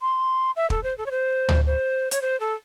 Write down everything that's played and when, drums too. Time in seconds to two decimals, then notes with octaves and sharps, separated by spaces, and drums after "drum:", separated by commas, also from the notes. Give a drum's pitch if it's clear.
0.01 C6
0.56 E5
0.70 A4, drum: kick
0.83 C5
0.98 A4
1.06 C#5
1.11 C5
1.49 drum: tom D2
1.66 C5
2.11 C#5, drum: hi-hat
2.22 C5
2.40 A4